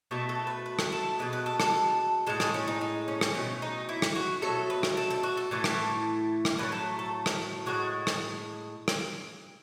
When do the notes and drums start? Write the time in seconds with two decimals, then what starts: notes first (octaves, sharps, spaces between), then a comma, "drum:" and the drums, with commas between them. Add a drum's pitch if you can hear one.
0.11 B2 A3 A4
0.29 A4
0.47 B4
0.66 B4
0.79 drum: rim click
0.92 A4
1.19 B2 G#3 B4
1.33 B4
1.46 A4
1.60 A4, drum: rim click
2.27 A2 G#3 A4
2.40 G#4, drum: rim click
2.54 C#4
2.68 D#4
2.81 D#4
3.08 C#4
3.21 drum: rim click
3.34 B2 A3 C#4
3.62 D#4
3.89 E4
4.02 drum: rim click
4.15 F#4
4.42 B2 F#3 A3 A4
4.70 B4
4.83 drum: rim click
4.97 A4
5.10 A4
5.23 F#4
5.37 A4
5.51 A2 E3 A3
5.64 drum: rim click
6.45 drum: rim click
6.58 A2 F#3 A3 B4
6.72 A4
6.99 A4
7.26 drum: rim click
7.66 A2 G#3 F#4
8.07 drum: rim click
8.88 drum: rim click